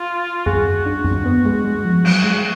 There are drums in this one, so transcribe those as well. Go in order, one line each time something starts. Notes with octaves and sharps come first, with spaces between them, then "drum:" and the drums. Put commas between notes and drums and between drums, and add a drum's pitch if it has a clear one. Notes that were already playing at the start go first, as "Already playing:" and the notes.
Already playing: F4
F#4 G#4, drum: tom F#2
D4
drum: tom F#2
B3
G#3
G#3
F3
F#3, drum: cymbal
G#3